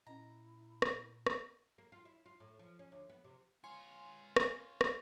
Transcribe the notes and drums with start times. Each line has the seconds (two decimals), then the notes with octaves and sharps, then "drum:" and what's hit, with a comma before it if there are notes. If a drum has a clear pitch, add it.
0.07 A#2 C#4 E4 D#5 A#5
0.82 drum: rim click
1.26 drum: rim click
1.78 A#3
1.92 F4
2.05 E4
2.26 F4
2.40 A2
2.59 F3
2.79 C#4
2.92 D2
3.09 B3
3.24 C3
3.64 F4 C#5 G#5 C6 C#7
4.36 drum: rim click
4.81 drum: rim click